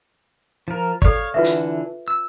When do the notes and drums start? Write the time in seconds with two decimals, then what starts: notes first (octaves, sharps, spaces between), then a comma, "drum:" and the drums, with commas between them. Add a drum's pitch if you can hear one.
0.68 F3 A#4
1.02 A4 C#5 D5 F5, drum: kick
1.34 D3 E3 F4 B4 E5
1.44 drum: hi-hat
2.08 E6